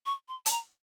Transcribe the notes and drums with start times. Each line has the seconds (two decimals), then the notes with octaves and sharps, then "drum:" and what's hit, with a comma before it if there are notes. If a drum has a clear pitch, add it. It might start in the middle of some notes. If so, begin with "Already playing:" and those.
0.06 C#6
0.28 C6
0.46 A5, drum: hi-hat
0.51 A#5